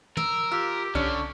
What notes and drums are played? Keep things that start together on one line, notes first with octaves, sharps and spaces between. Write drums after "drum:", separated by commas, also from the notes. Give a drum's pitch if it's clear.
A#4 E6, drum: tom
F4 G4 E6 F6
D3 C#4 D4, drum: kick C2